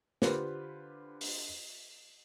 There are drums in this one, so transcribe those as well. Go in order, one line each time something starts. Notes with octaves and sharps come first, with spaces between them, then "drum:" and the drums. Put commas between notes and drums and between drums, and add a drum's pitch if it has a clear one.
D3 F4 G4 B4 C5, drum: snare
drum: open hi-hat